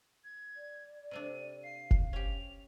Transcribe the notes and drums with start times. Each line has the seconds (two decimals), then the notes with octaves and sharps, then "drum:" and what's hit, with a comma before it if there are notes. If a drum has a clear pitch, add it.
0.24 G#6
0.57 D5
1.11 C3 A3 D4 D#7
1.64 F5 C7
1.91 drum: kick F1
2.13 C#4 G4 F7